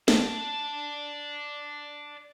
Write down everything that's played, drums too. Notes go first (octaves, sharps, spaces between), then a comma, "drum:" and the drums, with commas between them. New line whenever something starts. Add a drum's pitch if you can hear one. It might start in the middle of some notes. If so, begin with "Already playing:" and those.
D5 A5, drum: snare